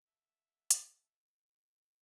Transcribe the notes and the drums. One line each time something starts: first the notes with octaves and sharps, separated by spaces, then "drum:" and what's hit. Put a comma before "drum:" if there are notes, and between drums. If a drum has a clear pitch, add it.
A4 E5 F#5
drum: hi-hat